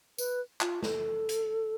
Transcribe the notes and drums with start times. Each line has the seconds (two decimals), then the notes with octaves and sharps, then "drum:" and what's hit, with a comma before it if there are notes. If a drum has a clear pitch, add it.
0.18 B4, drum: tambourine
0.61 F4, drum: clap
0.83 A4, drum: snare
1.29 drum: hi-hat